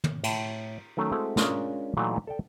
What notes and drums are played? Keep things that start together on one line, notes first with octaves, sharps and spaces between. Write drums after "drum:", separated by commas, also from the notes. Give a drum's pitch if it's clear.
drum: tom
A2, drum: cymbal
D#3 F#3 A3 C#4
G#3 A3 C4 E4 F#4
G#3 C#4 D4 F4 A#4, drum: snare
A#2 E3 F#3 A3 D#4 F#4
A4 D5 G5 A5